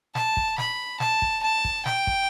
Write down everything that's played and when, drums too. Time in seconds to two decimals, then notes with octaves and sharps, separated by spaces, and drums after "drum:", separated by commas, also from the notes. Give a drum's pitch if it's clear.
0.15 A5, drum: snare
0.37 drum: kick
0.58 B5, drum: snare
1.00 A5, drum: snare
1.22 drum: kick
1.43 A5
1.65 drum: kick
1.86 G5, drum: snare
2.07 drum: kick